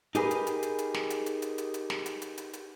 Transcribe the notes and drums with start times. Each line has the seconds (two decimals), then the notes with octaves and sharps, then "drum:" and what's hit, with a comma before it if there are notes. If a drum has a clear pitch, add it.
0.15 D#4 G4 G#4 A#4 B4, drum: hi-hat
0.31 drum: hi-hat
0.47 drum: hi-hat
0.63 drum: hi-hat
0.79 drum: hi-hat
0.94 drum: snare
1.10 drum: hi-hat
1.26 drum: hi-hat
1.42 drum: hi-hat
1.58 drum: hi-hat
1.74 drum: hi-hat
1.90 drum: snare
2.06 drum: hi-hat
2.22 drum: hi-hat
2.38 drum: hi-hat
2.53 drum: hi-hat